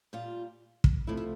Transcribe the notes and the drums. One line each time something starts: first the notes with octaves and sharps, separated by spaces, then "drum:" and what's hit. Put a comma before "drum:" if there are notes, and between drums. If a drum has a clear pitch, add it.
A#2 G3 F4
drum: kick
F2 C3 F3 A3 E4
E4